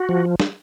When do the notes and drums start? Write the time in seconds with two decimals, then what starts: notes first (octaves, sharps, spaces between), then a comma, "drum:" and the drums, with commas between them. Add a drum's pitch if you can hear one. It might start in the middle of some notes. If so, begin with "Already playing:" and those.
Already playing: F#4
0.09 F3
0.40 drum: snare